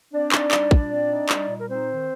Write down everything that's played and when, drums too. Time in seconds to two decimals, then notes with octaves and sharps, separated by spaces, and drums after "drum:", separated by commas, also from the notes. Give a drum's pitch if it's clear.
0.12 C4 D4 D5
0.32 D#4, drum: clap
0.51 G3, drum: clap
0.71 A#2, drum: kick
0.91 C4
1.10 D#4
1.29 G3, drum: clap
1.49 A#2
1.60 A#4
1.68 C4 D#4 C5
1.89 D#3